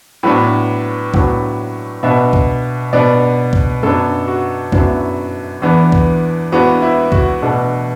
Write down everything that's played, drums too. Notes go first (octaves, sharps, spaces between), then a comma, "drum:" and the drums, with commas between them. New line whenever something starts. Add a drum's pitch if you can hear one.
A2 F#3 B3 D4 B4
A2 F#3 B3 D4, drum: kick C2
B2 B3 D4 E5
drum: kick C2
B2 B3 D4 D5
drum: kick C2
F#2 F#3 B3 D4 A4
F#4
F#2 F#3 B3 D4 E4, drum: kick C2
E2 E3 B3 D4
drum: kick C2
E2 E3 B3 D4 F#4
E4
F#4, drum: kick C2
B2 A3 D4